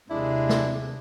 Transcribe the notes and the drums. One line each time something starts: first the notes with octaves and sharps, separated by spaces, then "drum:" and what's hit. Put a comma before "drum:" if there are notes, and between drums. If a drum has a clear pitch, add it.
D#2 C3 G#3 D4 E4
drum: snare